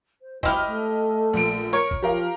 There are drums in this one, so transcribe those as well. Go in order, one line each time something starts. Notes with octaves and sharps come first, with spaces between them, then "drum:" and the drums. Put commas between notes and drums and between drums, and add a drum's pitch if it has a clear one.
C5
F#3 C4 E4 G4 D#5 E5 F6, drum: kick G#1
A3
A#1 D7
A#4 C#5
drum: kick G#1
F3 G4 A#4 F5